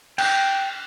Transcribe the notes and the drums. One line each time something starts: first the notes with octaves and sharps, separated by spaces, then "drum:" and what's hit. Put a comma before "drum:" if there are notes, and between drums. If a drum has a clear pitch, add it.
G5, drum: cymbal